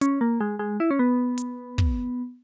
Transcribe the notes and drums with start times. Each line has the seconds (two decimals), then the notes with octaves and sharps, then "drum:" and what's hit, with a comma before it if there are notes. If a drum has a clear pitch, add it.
0.01 C#4, drum: hi-hat
0.21 A#3
0.40 G#3
0.59 G#3
0.80 E4
0.91 C#4
0.99 B3
1.38 drum: hi-hat
1.78 drum: kick